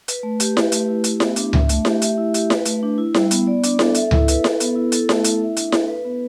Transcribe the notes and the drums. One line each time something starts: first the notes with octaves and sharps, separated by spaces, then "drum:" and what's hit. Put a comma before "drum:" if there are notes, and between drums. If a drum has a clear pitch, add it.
B4, drum: hi-hat
A3
G4, drum: hi-hat
B4, drum: snare E4
A3, drum: hi-hat
E4
G4, drum: hi-hat
B3, drum: snare E4
D4, drum: hi-hat
E5, drum: tom C#2
A3, drum: hi-hat
G4, drum: snare E4
E5, drum: hi-hat
E4
G4, drum: hi-hat
B4, drum: snare E4
A3, drum: hi-hat
D4
E4
G3, drum: snare E4
B3, drum: hi-hat
D5
D4, drum: hi-hat
A4, drum: snare E4
E5, drum: hi-hat
E4, drum: tom C#2
B4, drum: hi-hat
A4, drum: snare E4
B3, drum: hi-hat
E4
A4, drum: hi-hat
A3, drum: snare E4
E4, drum: hi-hat
E5
D4, drum: hi-hat
A4, drum: snare E4
B4
B3